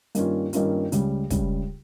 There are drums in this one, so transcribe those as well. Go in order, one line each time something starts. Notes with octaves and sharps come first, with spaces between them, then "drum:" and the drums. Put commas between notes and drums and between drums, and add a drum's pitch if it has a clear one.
G2 D#3 A#3 C#4 F4, drum: hi-hat
G2 D#3 A#3 C#4 F4, drum: hi-hat
C#2 C#3 G3, drum: hi-hat
C#2 C#3 G3, drum: kick, hi-hat